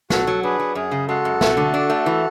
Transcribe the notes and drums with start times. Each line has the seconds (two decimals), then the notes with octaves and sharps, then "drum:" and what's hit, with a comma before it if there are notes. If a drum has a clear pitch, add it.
0.10 F#3 F#4 A4, drum: snare
0.27 F#3
0.43 D4 G#4 B4
0.60 F#3
0.75 F#2 G#4
0.92 C#3
1.08 G#3 F#4 A4
1.25 F#2
1.41 A3, drum: snare
1.57 D3
1.74 D4
1.90 A3
2.06 E3